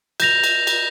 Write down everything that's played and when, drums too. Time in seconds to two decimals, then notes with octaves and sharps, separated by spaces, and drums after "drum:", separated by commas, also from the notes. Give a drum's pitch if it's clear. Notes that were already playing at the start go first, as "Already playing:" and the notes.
0.20 G6 A#6 F7, drum: cymbal
0.44 drum: cymbal
0.67 drum: cymbal